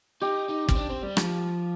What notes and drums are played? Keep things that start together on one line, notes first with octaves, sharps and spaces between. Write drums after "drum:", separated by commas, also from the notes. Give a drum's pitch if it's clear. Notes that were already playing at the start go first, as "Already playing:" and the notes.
D#4 G4
D#4
C4, drum: kick
D4
C4
G3
F3, drum: rim click